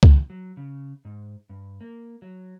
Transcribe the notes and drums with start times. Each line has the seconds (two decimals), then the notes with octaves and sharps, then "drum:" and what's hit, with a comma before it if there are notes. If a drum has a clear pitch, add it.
0.03 drum: kick C#2
0.30 F#3
0.57 C#3
1.05 G#2
1.49 G2
1.81 A#3
2.22 F#3